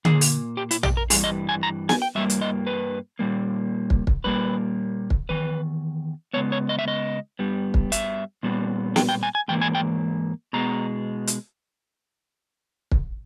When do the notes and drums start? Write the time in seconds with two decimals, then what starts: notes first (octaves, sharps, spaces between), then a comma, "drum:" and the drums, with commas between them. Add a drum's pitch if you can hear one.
0.05 A#2 A#3 G#4, drum: tom D3
0.21 drum: open hi-hat
0.57 G4
0.71 E4, drum: hi-hat
0.83 G4, drum: tom A#1
0.97 A#4
1.10 G2 E3 G3 G#4, drum: open hi-hat
1.24 D#5
1.49 G#5
1.63 A#5
1.89 G#5, drum: snare
2.02 G5
2.15 G2 G3 A#3 E5
2.30 drum: hi-hat
2.41 D#5
2.67 B4
3.19 A#2 G3 A#3
3.90 drum: kick
4.07 drum: kick
4.24 A#2 G3 A#3 B4
5.10 drum: kick
5.29 E2 D#3 B4
6.33 C#3 G#3 B3 C#5
6.52 C#5
6.69 D#5
6.79 E5
6.88 D#5
7.39 G2 G3 B3
7.74 drum: kick
7.92 E5, drum: hi-hat
8.43 A#2 G3 B3
8.96 G5, drum: snare
9.09 G5
9.23 G#5
9.35 G#5
9.48 G#2 E3 A#3 G5
9.61 G#5
9.75 G5
10.53 B2 G#3 B3 A#5
11.27 drum: hi-hat
12.91 drum: kick